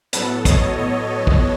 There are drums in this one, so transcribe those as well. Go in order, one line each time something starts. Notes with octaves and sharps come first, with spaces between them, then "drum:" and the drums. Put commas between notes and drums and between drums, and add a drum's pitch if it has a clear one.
A2 F#3 B3 A4 B4, drum: hi-hat
C#5 D#5, drum: kick, hi-hat
C#5 D#5
drum: kick